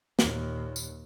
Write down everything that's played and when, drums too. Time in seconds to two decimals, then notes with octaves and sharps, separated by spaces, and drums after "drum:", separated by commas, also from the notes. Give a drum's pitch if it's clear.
0.19 D#2 A#2, drum: snare
0.76 drum: tambourine